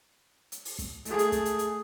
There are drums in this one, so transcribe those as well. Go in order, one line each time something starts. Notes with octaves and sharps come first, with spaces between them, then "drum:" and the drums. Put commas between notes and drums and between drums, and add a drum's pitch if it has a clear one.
drum: hi-hat
drum: open hi-hat
drum: kick, hi-hat
A3 G#4, drum: hi-hat
drum: hi-hat
drum: kick, hi-hat
drum: hi-hat
drum: hi-hat